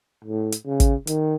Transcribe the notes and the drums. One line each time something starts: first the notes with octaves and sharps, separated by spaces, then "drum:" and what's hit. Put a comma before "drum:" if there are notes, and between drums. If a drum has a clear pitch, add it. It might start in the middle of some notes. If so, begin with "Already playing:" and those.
A2
drum: hi-hat
C#3
drum: kick, hi-hat
D#3, drum: hi-hat